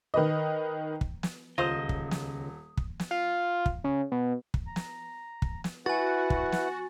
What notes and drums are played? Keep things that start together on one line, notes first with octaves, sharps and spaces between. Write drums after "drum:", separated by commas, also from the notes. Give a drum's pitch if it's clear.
D#3 B4 D#5
drum: kick
drum: snare
D#1 C#2 F4 C5 D#5 D#6
drum: kick
drum: snare
drum: kick
drum: snare
F4
drum: kick
C#3
B2
drum: kick
A#5
drum: snare
drum: kick
drum: snare
E4 F#4 B4 F#5 G#5 A6
drum: kick
drum: snare